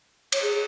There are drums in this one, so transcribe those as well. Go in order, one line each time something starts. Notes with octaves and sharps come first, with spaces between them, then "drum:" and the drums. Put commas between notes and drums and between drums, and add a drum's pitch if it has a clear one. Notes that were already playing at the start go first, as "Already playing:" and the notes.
C#5, drum: cymbal
G#4